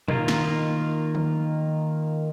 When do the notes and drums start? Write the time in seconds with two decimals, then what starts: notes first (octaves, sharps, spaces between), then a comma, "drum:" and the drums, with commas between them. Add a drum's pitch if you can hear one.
0.08 D#3 A#3 F4 A#4, drum: tom A#2
0.28 drum: snare
1.15 drum: tom D3